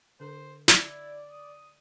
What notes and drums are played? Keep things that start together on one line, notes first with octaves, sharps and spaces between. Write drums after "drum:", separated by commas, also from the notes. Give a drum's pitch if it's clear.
D3 D4 A4 C5
E4 D5, drum: snare
D#6